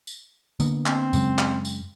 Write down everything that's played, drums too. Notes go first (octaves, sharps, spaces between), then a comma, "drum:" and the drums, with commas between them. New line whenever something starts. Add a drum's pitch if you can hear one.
drum: tambourine
D3 A#3 B3, drum: tambourine
C4, drum: clap
F#2 C#3 G#3, drum: tambourine
drum: clap
drum: tambourine